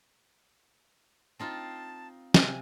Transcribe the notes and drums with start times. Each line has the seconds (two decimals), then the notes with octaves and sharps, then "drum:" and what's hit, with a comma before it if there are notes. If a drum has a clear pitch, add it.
1.39 C4 D#4 F4 A5
2.34 C3 G#5, drum: snare